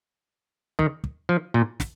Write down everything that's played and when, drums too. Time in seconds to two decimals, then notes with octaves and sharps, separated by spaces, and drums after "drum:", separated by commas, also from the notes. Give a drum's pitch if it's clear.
0.79 D#3, drum: kick
1.04 drum: kick
1.29 F3
1.54 A#2
1.80 drum: snare